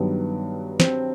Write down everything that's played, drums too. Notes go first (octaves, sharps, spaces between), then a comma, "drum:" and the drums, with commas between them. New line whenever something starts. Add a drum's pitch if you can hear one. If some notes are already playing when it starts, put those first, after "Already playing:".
Already playing: G2 D#3 F#3 B3
C4, drum: snare